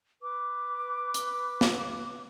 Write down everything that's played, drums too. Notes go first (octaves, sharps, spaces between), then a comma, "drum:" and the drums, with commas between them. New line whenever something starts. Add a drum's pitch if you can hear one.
B4 D6
drum: hi-hat
drum: snare